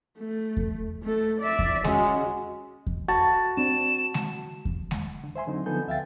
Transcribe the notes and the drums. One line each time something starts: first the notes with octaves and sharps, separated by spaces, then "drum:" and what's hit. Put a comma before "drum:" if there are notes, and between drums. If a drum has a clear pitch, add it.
A3
drum: kick E2
A3 A4
D5 E5
drum: kick E2
G#3 C#4 F#4, drum: snare G#3
drum: kick E2
F#4 A5
C4 D4 E7
drum: snare G#3
drum: kick E2
drum: snare G#3
D3
C5 E5 G#5 C6
D3 F#3 C4 D#4
D3 F3 B3 A4 G#5 G6
D2 E5 F5 G5 A6